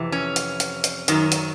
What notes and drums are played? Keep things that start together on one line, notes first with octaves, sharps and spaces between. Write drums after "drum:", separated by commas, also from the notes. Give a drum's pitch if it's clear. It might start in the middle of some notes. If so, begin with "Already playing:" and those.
Already playing: F2 C3 E3
C#4
drum: hi-hat
drum: hi-hat
drum: hi-hat
F#2 D#3 F#3, drum: hi-hat
drum: hi-hat